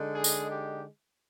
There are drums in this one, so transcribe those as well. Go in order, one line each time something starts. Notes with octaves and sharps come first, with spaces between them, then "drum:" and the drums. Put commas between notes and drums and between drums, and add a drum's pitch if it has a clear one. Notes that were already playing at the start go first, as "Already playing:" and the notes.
Already playing: D3 G#3 D#4
G#4
drum: tambourine
G4